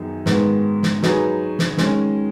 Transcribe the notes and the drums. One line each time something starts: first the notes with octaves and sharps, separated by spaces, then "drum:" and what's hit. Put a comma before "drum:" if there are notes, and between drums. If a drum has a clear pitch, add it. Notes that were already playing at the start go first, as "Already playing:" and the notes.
Already playing: F#2 D#3 B3 D#4 G#4
G#2 D#3 G#3 B3, drum: snare
drum: snare
F#3 D#4 G#4 B4, drum: snare
drum: snare
D#3 G#3 C#4, drum: snare